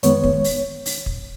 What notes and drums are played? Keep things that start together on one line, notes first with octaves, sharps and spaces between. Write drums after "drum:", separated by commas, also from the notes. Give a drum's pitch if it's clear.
F#2 D#3 G#3 B3 C#5, drum: hi-hat
drum: kick
drum: open hi-hat
drum: open hi-hat
drum: kick